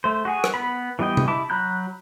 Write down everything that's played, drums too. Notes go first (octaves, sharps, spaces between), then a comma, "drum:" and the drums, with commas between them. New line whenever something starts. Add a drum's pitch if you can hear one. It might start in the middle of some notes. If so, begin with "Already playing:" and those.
A3 C5
F#4 G#4 G#5
drum: rim click
B3 B5
E3 G3 B3 D#5 G5
drum: tom C3
E4 A5 D6
F#3 A#5 B5 F#6 G6